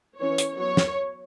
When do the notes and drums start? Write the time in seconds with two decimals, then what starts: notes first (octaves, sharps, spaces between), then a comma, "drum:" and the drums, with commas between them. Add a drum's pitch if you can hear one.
0.18 E3 C#4 C#5
0.38 drum: hi-hat
0.57 F#3 B3 C#5
0.77 drum: snare